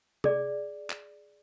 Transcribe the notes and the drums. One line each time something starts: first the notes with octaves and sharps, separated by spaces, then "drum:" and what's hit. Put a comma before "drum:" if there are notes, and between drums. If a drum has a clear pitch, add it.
G#4 D5, drum: tom C3
drum: clap